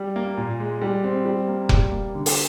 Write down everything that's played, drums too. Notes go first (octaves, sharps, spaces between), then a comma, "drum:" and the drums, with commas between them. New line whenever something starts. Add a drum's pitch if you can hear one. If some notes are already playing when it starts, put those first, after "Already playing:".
Already playing: G3
A#3
A#2
G#3
G3
C4
G3
A#3
G3, drum: kick F1
A#3
D3
drum: open hi-hat